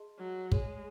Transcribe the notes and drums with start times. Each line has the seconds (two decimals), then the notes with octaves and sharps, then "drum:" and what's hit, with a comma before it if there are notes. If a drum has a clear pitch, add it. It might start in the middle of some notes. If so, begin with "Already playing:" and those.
Already playing: G#4 D#5 A5 C6
0.18 F#3
0.52 G#3 G#4 C#5 G#5, drum: kick